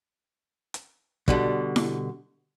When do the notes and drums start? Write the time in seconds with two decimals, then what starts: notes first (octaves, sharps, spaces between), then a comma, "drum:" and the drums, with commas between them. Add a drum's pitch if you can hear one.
0.74 drum: hi-hat
1.28 B2 D3 G3, drum: kick
1.76 drum: snare E4